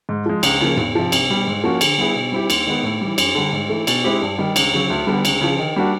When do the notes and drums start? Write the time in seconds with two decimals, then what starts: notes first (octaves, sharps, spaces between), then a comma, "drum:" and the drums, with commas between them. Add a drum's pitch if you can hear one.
0.09 G#2
0.26 F3 G#3
0.43 C#2, drum: cymbal
0.61 C#3 F3 A#3
0.77 E2, drum: tom G#2
0.95 C3 F3
1.12 C2, drum: cymbal
1.29 B2 G3
1.47 G#2
1.64 F3 A#3 C#4 F#4
1.81 D3, drum: cymbal
1.98 G3 B3 E4 G#4
2.16 B2
2.32 G3 C4 E4 G4
2.50 D#2, drum: cymbal
2.67 D#3 G#3 B3
2.83 A2
3.01 E3 G3
3.18 F#2, drum: cymbal
3.35 D3 G3
3.53 G#2
3.69 E3 A3
3.87 B2, drum: cymbal
4.04 G#3 C4 E4 G4
4.22 G2
4.38 D#3 G3
4.56 C#2, drum: cymbal
4.73 C#3 F#3
4.90 D2
5.07 D3 G3 B3
5.25 C#2, drum: cymbal
5.41 C#3 F3
5.59 D#3
5.76 G3 A#3 D4 F#4